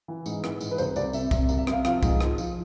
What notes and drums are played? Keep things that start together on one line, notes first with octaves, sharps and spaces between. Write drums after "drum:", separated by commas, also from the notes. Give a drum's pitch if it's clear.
E3
G#2, drum: tambourine
E3, drum: rim click
G#2, drum: tambourine
B4
C2 C5, drum: tambourine
C2 D5, drum: tambourine
C3 E5, drum: tambourine
C3 E5, drum: kick B1, tambourine
C2, drum: tambourine
E5
C3 F5, drum: rim click
F3 F5, drum: rim click
G#2, drum: kick B1, tambourine
F3, drum: rim click
F3, drum: tambourine